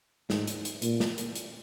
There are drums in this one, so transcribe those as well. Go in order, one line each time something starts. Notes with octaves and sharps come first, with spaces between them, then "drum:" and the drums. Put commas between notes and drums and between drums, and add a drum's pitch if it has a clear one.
G#2, drum: snare
drum: hi-hat
drum: hi-hat
A#2, drum: hi-hat
drum: snare
drum: hi-hat
drum: hi-hat